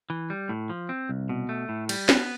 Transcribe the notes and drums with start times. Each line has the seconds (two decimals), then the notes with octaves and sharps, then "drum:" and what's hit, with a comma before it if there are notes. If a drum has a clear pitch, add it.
0.10 E3
0.30 G3
0.49 A2
0.70 F3
0.89 C4
1.09 C2
1.29 B2
1.49 A3
1.69 A2
1.89 G3, drum: cymbal
2.09 B3, drum: snare